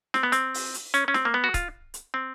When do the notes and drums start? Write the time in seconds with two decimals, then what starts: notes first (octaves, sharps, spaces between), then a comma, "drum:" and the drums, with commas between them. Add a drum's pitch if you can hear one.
0.14 C4, drum: snare
0.23 B3
0.32 C4, drum: hi-hat
0.54 drum: open hi-hat
0.74 drum: hi-hat
0.94 C#4, drum: hi-hat
1.08 C#4
1.14 C4, drum: snare
1.25 A#3
1.34 B3
1.44 F#4
1.54 F4, drum: kick C#1, hi-hat
1.94 drum: hi-hat
2.14 C4